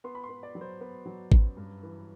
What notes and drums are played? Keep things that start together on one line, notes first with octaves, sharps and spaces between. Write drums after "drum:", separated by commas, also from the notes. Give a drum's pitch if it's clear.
B3 C6
B5
C6
B3
D5
F#3
C5
B3
F#3
F#2, drum: kick A1
G2
E3